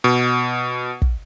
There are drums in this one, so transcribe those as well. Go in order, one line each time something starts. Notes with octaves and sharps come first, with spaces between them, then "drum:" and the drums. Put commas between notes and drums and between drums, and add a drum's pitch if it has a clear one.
B2
drum: kick